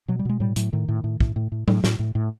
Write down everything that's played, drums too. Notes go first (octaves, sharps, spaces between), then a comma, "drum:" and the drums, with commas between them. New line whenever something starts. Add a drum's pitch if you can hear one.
B2 F#3
G3
B2 G#3
A2 G3
A2 F#3, drum: hi-hat
A2 D#3
A2
A2
A2, drum: kick
A2
A2
A2, drum: tom F#3
A2, drum: snare
A2
A2